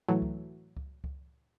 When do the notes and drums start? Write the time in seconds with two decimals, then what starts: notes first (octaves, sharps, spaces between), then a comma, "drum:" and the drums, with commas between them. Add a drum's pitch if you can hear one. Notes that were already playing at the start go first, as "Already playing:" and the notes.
0.08 A2 E3 F#3 A3
0.22 drum: kick C#2
0.77 drum: kick C#2
1.04 drum: kick C#2